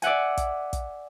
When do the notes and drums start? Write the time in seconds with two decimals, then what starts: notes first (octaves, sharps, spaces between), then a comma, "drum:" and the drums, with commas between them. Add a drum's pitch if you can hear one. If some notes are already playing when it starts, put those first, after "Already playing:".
0.02 D5 E5 F#5 G#5, drum: hi-hat
0.37 drum: kick, hi-hat
0.73 drum: kick, hi-hat